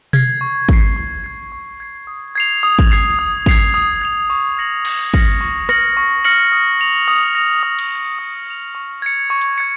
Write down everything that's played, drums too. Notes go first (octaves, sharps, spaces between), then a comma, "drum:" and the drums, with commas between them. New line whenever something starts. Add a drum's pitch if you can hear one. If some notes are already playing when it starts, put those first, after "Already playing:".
G#6 C7, drum: tom B2
C#6
G#6 C7, drum: kick
C#6
G#6 C7
C#6
G#6 C7
D#6
G#6 C7 F7
D#6
drum: kick
G#6 C7 F7
D#6
G#6 C7 F7, drum: kick
D#6
G#6 C7 F7
C#6
F6 A#6 C#7 F#7
C#6, drum: cymbal
F6 A#6 C#7 F#7, drum: kick
C#6
F6 A#6 C#7 F#7, drum: rim click
C#6
F6 A#6 C#7 F#7
D#6
A#6 F7
D#6
A#6 F7
D#6
drum: cymbal
A#6 F7
D#6
A#6 F7
C#6
G#6 C#7
C#6
drum: hi-hat
G#6 C#7